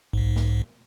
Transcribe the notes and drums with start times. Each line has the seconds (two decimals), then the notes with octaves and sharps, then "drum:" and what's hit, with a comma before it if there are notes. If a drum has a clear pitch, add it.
0.13 B1 G#2, drum: kick G#1
0.36 drum: snare